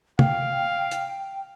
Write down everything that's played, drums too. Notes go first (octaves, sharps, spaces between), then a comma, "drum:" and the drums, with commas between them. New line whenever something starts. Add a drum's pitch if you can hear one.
F5 G5, drum: tom
drum: hi-hat